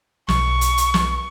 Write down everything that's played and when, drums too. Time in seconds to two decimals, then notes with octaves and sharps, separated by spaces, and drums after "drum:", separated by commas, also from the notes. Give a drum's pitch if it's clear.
0.29 B1 C#6, drum: snare
0.61 drum: hi-hat
0.77 drum: hi-hat
0.94 drum: snare